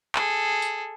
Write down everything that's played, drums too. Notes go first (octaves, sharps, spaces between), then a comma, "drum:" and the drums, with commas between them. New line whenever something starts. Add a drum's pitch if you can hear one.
G#4 A4, drum: clap
drum: tambourine